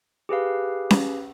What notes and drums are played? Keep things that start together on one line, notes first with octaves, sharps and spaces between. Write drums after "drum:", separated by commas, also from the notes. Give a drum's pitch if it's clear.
G4 G#4 B4 F5
drum: snare C#4